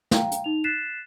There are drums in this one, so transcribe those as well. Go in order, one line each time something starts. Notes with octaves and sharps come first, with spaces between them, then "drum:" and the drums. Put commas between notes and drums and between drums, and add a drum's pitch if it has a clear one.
F5 G5 A#5, drum: snare
drum: hi-hat
D#4 F7
F#6 A6 B6 C7 E7